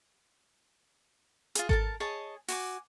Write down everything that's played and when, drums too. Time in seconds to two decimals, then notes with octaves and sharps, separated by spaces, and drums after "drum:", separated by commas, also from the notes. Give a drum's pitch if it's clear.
1.55 F4 G#4, drum: hi-hat
1.69 A4 A#4 A5, drum: kick G#1
2.00 G#4 C#5 D#5 A5
2.48 F#4 G#5 D6, drum: open hi-hat